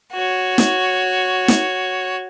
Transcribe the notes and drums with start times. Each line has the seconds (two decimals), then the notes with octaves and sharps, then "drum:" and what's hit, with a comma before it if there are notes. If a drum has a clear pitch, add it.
0.13 F#4 C#5
0.58 drum: snare
1.48 drum: snare